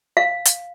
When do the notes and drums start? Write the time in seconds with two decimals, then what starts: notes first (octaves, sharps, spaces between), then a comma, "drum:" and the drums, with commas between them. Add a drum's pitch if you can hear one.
0.17 F5
0.45 drum: hi-hat